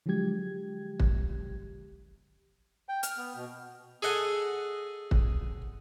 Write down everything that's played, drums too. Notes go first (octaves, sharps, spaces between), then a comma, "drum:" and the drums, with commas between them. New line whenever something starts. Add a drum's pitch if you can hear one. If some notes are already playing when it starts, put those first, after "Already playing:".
D3 F3 F#3 G#3 G4 G#6
drum: kick
G5
F6, drum: hi-hat
B3
B2
G#4 A4 D#5 F#5
drum: kick